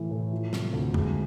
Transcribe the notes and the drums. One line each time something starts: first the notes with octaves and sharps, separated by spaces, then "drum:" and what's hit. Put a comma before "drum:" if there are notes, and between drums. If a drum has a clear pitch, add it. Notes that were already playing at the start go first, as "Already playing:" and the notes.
Already playing: A2 E3
A2
F3
C3, drum: snare
D2
G#3, drum: tom E2